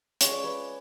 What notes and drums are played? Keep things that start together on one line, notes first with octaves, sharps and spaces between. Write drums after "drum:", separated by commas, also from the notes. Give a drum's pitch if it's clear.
G#3 C#4 F4 C#5, drum: hi-hat
D5
B4 C#5